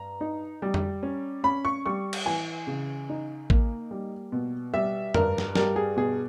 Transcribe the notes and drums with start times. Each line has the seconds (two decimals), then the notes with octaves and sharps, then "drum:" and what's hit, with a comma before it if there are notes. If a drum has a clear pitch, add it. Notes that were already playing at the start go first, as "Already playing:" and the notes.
Already playing: G2 A#5
0.21 D#4
0.62 G3
0.74 drum: tom F2
1.03 C#4
1.44 C#4 B5
1.65 C#6
1.86 G3 C#6
2.13 drum: cymbal
2.26 E3 G#5
2.67 C#3
3.09 D#4
3.50 A#3, drum: kick A1
3.91 G3
4.32 B2
4.74 G3 E5
5.14 G2 A#4, drum: tom F2
5.38 drum: snare
5.55 G3 A#4, drum: snare
5.76 G#4
5.96 B2 G#4